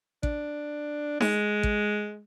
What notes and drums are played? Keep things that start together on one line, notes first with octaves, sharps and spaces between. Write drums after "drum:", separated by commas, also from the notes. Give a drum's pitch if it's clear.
D4, drum: kick
G#3, drum: snare D#4
drum: kick